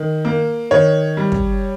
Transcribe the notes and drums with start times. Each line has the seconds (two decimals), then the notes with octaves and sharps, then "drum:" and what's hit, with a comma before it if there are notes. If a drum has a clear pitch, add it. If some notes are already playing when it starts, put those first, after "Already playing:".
Already playing: D#3
0.25 A#3
0.71 D#3 C#5
1.17 G3
1.32 drum: kick